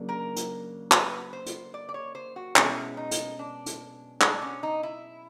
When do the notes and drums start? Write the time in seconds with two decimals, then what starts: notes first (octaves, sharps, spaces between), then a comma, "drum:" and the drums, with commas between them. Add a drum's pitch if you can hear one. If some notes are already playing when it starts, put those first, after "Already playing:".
Already playing: C#3 F#3 A#3 D4
0.09 A#4
0.36 drum: hi-hat
0.91 B4, drum: clap
1.33 C5
1.46 drum: hi-hat
1.74 D5
1.89 D5
1.94 C#5
2.15 C5
2.36 F#4
2.56 B2 G#3 C#4 E4, drum: clap
2.97 D#4
3.11 drum: hi-hat
3.39 D4
3.66 drum: hi-hat
4.21 D4, drum: clap
4.42 C#4
4.63 D#4
4.83 E4